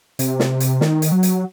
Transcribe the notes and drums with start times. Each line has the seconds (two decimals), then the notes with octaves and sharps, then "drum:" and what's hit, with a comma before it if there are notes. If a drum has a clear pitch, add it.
0.19 C3, drum: hi-hat
0.40 drum: snare
0.60 drum: hi-hat
0.81 D#3, drum: snare
1.02 drum: hi-hat
1.12 F#3
1.23 drum: hi-hat